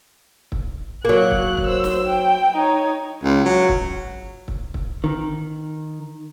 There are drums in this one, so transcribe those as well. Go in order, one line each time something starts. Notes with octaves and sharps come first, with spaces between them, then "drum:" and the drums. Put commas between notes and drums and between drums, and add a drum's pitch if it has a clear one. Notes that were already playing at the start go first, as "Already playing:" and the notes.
drum: kick
F#3 A#3 F#6
drum: kick
drum: kick
C5 E6
drum: snare
G5
D#4 C#5
C#2
F#3
drum: kick
drum: kick
drum: kick
D#3